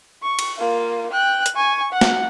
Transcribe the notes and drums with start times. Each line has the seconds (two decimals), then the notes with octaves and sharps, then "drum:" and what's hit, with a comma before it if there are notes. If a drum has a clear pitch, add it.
0.23 C#6
0.39 drum: cymbal
0.58 A#3 F4
1.11 G5 F#6
1.46 drum: hi-hat
1.55 G#5 C#6
1.92 F#5
2.01 drum: snare